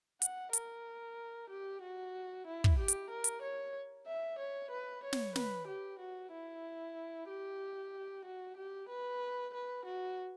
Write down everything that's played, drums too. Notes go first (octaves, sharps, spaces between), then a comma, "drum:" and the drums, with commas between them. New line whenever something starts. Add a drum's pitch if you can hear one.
F#5, drum: hi-hat
A#4, drum: hi-hat
G4
F#4
E4
drum: kick
G4
drum: hi-hat
A#4
drum: hi-hat
C#5
E5
C#5
B4
C#5
drum: snare
B4, drum: snare
G4
F#4
E4
G4
F#4
G4
B4
B4
F#4